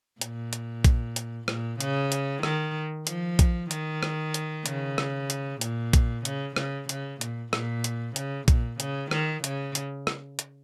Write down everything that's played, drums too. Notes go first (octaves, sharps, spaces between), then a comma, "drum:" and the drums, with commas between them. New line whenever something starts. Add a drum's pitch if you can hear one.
A#2, drum: hi-hat
drum: hi-hat
drum: kick A#1, hi-hat
drum: hi-hat
A#2, drum: rim click
C#3, drum: hi-hat
drum: hi-hat
D#3, drum: rim click
F3, drum: hi-hat
drum: kick A#1, hi-hat
D#3, drum: hi-hat
drum: rim click
drum: hi-hat
C#3, drum: hi-hat
drum: rim click
drum: hi-hat
A#2, drum: hi-hat
drum: kick A#1, hi-hat
C#3, drum: hi-hat
C#3, drum: rim click
C#3, drum: hi-hat
A#2, drum: hi-hat
A#2, drum: rim click
drum: hi-hat
C#3, drum: hi-hat
A#2, drum: kick A#1, hi-hat
C#3, drum: hi-hat
D#3, drum: rim click
C#3, drum: hi-hat
drum: hi-hat
drum: rim click
drum: hi-hat